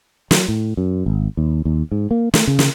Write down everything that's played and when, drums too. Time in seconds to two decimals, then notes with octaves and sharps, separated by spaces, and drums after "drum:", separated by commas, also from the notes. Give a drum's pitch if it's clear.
0.31 F#3, drum: snare
0.48 A2
0.77 F#2
1.06 G#1
1.37 D#2
1.65 D#2
1.92 G#2
2.11 A#3
2.34 A3, drum: snare
2.47 C#3
2.59 drum: snare